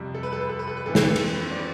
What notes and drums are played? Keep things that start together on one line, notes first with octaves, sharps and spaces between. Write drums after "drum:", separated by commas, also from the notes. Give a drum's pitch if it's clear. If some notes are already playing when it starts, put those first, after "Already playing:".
Already playing: F2 C3 G3
A4
B4
A4
B4
A4
B4
A4
B4
F2 E3 B3 A4
B4, drum: snare
A4
drum: cymbal
B4
D5